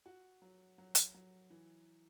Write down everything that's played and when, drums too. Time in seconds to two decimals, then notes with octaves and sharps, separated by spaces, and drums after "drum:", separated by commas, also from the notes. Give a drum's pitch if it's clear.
0.06 F#4
0.42 F#3
0.78 F#3
0.95 drum: hi-hat
1.14 F#3
1.50 E3